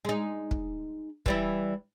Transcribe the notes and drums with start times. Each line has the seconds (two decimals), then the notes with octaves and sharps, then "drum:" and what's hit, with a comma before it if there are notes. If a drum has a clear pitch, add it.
0.05 G#3 D#4
0.51 drum: kick
1.26 E3 G3 E4, drum: kick